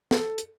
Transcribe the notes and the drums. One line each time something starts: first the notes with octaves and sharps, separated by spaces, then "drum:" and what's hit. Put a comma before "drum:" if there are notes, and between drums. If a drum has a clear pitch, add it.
A4, drum: snare
drum: hi-hat